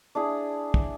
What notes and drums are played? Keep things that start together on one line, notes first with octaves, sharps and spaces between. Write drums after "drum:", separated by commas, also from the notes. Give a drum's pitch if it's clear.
D4 E4 G#4
drum: kick